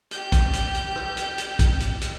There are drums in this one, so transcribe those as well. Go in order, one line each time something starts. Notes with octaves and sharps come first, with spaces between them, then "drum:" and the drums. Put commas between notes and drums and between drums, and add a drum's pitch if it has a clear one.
G4 G6, drum: hi-hat
drum: kick, hi-hat
drum: hi-hat
drum: hi-hat
drum: rim click
drum: hi-hat
drum: hi-hat
drum: kick, hi-hat
drum: hi-hat
drum: hi-hat